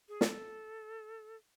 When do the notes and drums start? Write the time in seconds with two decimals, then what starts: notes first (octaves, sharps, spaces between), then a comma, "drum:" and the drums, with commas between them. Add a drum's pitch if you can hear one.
0.09 G#4
0.21 A4, drum: snare